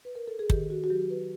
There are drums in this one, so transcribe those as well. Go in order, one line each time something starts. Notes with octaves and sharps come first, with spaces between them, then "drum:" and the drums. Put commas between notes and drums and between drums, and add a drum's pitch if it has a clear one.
B4
A#4
A4
G#4
D#3 G4, drum: kick
F#4
F#4
F#3 G4
B4